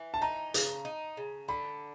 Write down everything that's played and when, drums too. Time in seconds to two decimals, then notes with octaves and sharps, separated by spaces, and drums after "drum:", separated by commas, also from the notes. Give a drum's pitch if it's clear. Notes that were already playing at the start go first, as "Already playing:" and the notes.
Already playing: E3
0.14 A5
0.22 D#4 A#5
0.54 C#3, drum: hi-hat
0.85 D#4
1.17 C#3
1.48 D3 B5